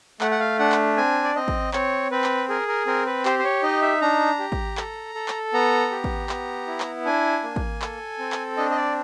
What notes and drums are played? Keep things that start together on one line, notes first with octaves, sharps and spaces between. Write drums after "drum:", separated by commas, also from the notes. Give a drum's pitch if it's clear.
A3 F#5, drum: clap
F#5
F5
D4 F#5
drum: clap
C4 G#5
D5
C4 D#5
drum: kick
C4 C#5, drum: clap
C4 B4
drum: clap
G#4 A#4
A#4
C4 A#4
B4
G4 C5, drum: clap
C5
C#5
D#4 D#5
E5
D4 A#5
G4
drum: kick
A4, drum: clap
A4
drum: clap
B3 A#5
G4
drum: kick
B3, drum: clap
E4
drum: clap
D4 G#5
A#3
drum: kick
A4, drum: clap
C4
drum: clap
D4 D#5
D#5
D5